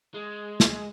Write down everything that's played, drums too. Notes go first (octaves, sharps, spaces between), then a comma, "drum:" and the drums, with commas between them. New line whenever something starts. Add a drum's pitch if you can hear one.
G#3
drum: snare